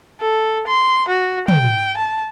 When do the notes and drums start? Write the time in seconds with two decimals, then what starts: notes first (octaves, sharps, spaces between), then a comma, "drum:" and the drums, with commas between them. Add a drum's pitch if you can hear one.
0.21 A4
0.68 C6
1.09 F#4
1.48 G5, drum: tom
1.98 A5